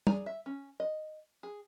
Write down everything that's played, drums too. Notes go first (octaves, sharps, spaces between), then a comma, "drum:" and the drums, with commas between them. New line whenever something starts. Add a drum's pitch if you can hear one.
G#4 D5 G#5 A#5, drum: tom
E5
C#4
D#5
G#4